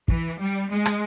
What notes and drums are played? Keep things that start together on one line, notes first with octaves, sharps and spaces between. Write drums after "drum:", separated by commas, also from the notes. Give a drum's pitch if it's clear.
E3, drum: kick
G3
G#3
drum: rim click